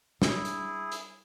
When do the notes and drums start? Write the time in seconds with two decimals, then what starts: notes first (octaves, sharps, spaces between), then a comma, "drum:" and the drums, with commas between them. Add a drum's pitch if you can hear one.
0.22 G3 G#3 D4 E4 G#4, drum: snare
0.45 drum: hi-hat
0.92 drum: hi-hat